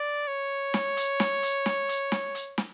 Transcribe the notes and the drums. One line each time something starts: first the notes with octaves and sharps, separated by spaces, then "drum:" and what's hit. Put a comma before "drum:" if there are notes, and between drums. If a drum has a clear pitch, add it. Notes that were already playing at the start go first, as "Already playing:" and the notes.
Already playing: D5
C#5
drum: snare
drum: hi-hat
drum: snare
drum: hi-hat
drum: snare
drum: hi-hat
drum: snare
drum: hi-hat
drum: snare